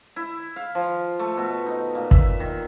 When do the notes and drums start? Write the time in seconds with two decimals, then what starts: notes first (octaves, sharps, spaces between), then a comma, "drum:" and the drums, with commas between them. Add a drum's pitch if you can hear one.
0.16 E4
0.56 F5
0.75 F3
1.19 A3
1.37 B2
1.66 D#4
1.95 A#2
2.11 E5, drum: kick
2.40 D#3